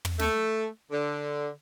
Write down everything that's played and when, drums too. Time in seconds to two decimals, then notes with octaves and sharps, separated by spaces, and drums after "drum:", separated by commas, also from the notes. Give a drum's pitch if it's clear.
0.05 drum: tom
0.19 A3, drum: snare
0.91 D3